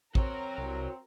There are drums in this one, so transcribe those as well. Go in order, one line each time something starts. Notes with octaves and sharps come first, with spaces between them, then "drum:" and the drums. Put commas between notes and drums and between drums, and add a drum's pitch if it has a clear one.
C4 F#4 A#4 C#5, drum: kick A1
C2